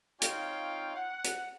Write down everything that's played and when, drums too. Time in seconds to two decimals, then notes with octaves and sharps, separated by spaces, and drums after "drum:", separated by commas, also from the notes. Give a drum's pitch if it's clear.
0.22 C4 D#4 F4 C#5 F5 G5, drum: hi-hat
0.97 F#5
1.24 drum: hi-hat